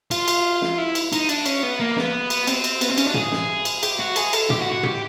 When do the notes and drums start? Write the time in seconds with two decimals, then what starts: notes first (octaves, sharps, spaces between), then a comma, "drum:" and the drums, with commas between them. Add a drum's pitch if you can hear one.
0.11 F4, drum: cymbal
0.28 drum: cymbal
0.62 drum: snare
0.78 E4
0.95 drum: cymbal
1.13 D#4, drum: cymbal
1.29 D4, drum: cymbal
1.46 C#4, drum: cymbal
1.63 B3
1.80 A#3
1.97 B3, drum: snare
2.30 drum: cymbal
2.47 C4, drum: cymbal
2.64 drum: cymbal
2.81 B3, drum: cymbal
2.90 C4
2.98 C#4, drum: cymbal
3.06 D4
3.14 G#4, drum: tom
3.32 drum: snare
3.65 drum: cymbal
3.83 G4, drum: cymbal
3.99 F#4
4.16 G#4, drum: cymbal
4.33 A4, drum: cymbal
4.50 G4, drum: tom
4.61 F#4
4.72 F#4
4.83 G4, drum: tom